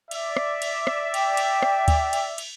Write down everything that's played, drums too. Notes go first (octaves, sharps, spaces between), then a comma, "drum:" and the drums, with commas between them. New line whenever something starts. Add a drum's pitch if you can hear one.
D5 E5, drum: cymbal
drum: rim click
drum: cymbal
drum: rim click
G5, drum: cymbal
drum: cymbal
drum: rim click
drum: kick D2, cymbal
drum: cymbal
drum: cymbal